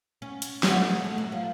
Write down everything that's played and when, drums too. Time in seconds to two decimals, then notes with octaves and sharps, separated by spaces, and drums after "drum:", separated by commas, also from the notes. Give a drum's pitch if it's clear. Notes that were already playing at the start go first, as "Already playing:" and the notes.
0.22 C#4
0.42 drum: hi-hat
0.63 B3, drum: snare
0.76 A3
0.90 G#3
1.04 A3
1.18 F#3
1.32 F3